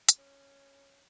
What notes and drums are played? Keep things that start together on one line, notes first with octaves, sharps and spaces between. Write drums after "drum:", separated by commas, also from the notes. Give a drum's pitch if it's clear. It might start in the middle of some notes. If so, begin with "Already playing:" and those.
drum: hi-hat
C#4